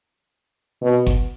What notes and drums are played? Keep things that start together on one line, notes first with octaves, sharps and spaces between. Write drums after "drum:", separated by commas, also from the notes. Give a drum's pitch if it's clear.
B2
drum: kick G1